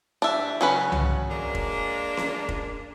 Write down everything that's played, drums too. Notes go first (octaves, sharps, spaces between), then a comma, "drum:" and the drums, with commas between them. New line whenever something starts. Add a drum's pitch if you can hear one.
G2 E3 D4 E5
C#3 F#3 C#4 B4
drum: tom C2
G#3 A#3 D4
drum: kick
drum: snare C#4
drum: kick